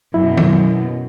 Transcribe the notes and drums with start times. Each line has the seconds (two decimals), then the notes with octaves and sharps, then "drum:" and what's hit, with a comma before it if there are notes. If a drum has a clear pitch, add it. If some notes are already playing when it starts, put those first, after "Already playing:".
0.14 F#2 B2 E4
0.37 drum: tom D#3